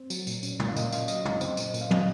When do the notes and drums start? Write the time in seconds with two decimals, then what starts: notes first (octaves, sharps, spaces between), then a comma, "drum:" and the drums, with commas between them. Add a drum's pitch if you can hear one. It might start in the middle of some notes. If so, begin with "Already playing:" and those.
Already playing: C4
0.10 F#3, drum: tambourine
0.27 A#2, drum: tambourine
0.43 C#4, drum: tambourine
0.59 A#2, drum: tom
0.69 F5
0.76 A#2 D#5, drum: tambourine
0.92 C#4 F5, drum: tambourine
1.08 F#3 D#5, drum: tambourine
1.25 C4, drum: tom
1.41 C4, drum: tambourine
1.57 A#2, drum: tambourine
1.74 A#2, drum: tambourine
1.81 F5
1.91 F#3 D#5, drum: tom